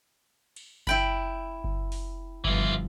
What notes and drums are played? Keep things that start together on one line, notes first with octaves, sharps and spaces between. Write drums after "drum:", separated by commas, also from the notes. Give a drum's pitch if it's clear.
drum: cymbal
E4 G5 B5, drum: kick F#1
drum: kick F#1
drum: open hi-hat
G1 E3 F3 F4, drum: kick F#1